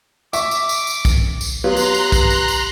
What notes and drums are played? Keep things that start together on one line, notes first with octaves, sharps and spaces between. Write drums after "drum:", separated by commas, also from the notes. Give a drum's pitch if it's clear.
E5 C#6 D6, drum: tambourine
drum: tambourine
drum: tambourine
drum: tambourine
drum: kick, tambourine
drum: tambourine
F#3 B3 F4 G4 B4 A#5 C6 F#6
drum: tambourine
drum: tambourine
drum: kick, tambourine
drum: tambourine
drum: tambourine